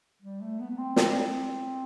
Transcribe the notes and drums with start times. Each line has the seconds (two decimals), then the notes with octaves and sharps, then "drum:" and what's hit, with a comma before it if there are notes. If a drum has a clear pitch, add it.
0.22 G3
0.41 A3
0.60 B3
0.70 B3
0.78 C4
0.96 C4, drum: snare